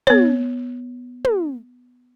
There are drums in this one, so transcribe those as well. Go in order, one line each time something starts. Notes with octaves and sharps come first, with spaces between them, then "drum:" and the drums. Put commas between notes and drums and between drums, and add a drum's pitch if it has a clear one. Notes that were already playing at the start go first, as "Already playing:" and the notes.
B3 C#5, drum: tom
drum: tom